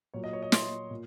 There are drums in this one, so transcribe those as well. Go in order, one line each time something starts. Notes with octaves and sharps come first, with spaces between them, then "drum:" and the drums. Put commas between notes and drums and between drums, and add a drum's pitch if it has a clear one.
A#2 F#3 C#5
D#5
C#5
D#5
C6, drum: snare
A#2